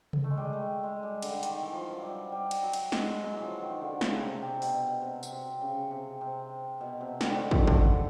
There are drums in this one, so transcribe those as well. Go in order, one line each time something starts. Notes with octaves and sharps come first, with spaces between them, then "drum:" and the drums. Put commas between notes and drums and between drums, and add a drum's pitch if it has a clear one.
drum: tom C3
A3
G#3
G3
G#3
A3
G#3
G3
D3, drum: cymbal
D#3, drum: hi-hat
E3
F3
F#3
G3
G3
drum: cymbal
F#3
drum: cymbal
G#3, drum: snare
F#3
E3
F3
D#3
D3
C#3, drum: snare
C3
C3
B2, drum: open hi-hat
C3
drum: tambourine
C3
C#3
C3
C3
B2
C3
D3, drum: snare
D#3
D3
D#3
D3, drum: kick
D#3
D3, drum: kick